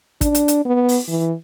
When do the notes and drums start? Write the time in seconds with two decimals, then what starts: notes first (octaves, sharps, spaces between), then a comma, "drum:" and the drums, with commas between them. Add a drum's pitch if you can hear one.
0.21 D4, drum: kick, hi-hat
0.35 drum: hi-hat
0.48 drum: hi-hat
0.65 B3
0.88 drum: open hi-hat
1.08 E3